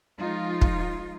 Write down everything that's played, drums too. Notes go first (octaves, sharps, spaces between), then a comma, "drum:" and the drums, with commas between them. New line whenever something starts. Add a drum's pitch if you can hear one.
F3 G#3 D#4 F4
drum: kick